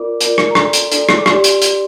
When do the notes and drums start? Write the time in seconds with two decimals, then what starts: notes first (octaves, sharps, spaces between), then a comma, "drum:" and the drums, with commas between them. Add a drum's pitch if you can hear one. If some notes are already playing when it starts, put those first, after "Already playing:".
Already playing: F4 A#4 D5 D6
0.21 F4 A#4 D5, drum: hi-hat
0.38 drum: rim click
0.51 A#5
0.55 D4 A4 D5 C6, drum: rim click
0.73 drum: hi-hat
0.92 D4 A4 D5, drum: hi-hat
1.09 drum: rim click
1.18 D6
1.26 D4 G4 D5 C6, drum: rim click
1.44 drum: hi-hat
1.62 drum: hi-hat